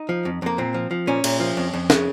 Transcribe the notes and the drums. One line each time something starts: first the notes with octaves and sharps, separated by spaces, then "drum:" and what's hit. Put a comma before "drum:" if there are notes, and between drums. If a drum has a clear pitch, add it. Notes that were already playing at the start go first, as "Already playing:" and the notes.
Already playing: D#4
F3
F2
F2 A#3
A#2 C4
F3
F3
A#2 C#4
A#2, drum: cymbal
F3
F2
F2
C#3, drum: snare